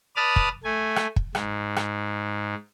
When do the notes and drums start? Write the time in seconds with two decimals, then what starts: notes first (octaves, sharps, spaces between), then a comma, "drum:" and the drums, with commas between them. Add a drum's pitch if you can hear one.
0.16 B4 D5 A5 D#6 F6
0.36 drum: kick
0.64 A3 G#5
0.96 drum: rim click
1.16 drum: kick
1.35 G#2, drum: rim click
1.76 drum: rim click